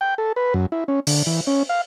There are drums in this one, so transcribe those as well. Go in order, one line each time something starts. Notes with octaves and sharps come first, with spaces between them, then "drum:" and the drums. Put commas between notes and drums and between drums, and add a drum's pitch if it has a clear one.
G5
A4
B4
F#2
E4
C#4
D3, drum: open hi-hat
E3
C#4
F5